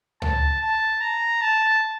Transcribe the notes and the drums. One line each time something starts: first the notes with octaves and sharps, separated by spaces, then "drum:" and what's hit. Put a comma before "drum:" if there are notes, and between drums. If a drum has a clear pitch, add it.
A5, drum: tom C#2
A5
A#5
A5